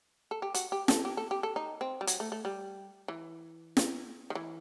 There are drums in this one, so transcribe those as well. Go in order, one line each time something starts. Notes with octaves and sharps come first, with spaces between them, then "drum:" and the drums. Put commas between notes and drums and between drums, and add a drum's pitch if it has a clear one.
A4
G4
F#4, drum: hi-hat
G4
A4, drum: snare
G4
A4
G4
A4
D#4
C4
G3
F#3, drum: hi-hat
A3
A3
G3
E3
drum: snare
D#3
E3